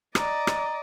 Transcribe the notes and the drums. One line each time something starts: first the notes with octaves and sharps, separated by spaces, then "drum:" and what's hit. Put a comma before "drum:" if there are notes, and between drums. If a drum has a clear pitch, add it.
D5 D#5 A#5, drum: rim click
drum: rim click